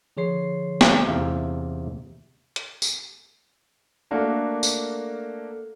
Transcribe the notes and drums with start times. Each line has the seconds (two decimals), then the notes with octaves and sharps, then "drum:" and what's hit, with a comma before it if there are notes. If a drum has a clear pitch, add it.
0.17 D3 F3 G#4 C#5 C6 C7
0.81 drum: snare
1.06 E2 C3 E5 F5 G5 A#5
2.56 drum: hi-hat
2.82 drum: tambourine
4.11 A3 A#3 D4 F#4 A4 A#4
4.63 drum: tambourine